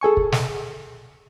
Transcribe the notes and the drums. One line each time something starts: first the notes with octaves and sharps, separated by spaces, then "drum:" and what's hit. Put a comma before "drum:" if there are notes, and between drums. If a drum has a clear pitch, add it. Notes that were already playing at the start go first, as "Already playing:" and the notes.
G#4 A4 G#5 C#6
drum: kick
drum: snare